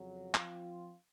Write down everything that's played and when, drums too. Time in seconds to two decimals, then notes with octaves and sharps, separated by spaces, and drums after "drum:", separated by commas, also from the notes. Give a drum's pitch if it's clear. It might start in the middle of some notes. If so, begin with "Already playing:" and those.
Already playing: F2 C#3 F#3
0.34 F3 C4 F4, drum: clap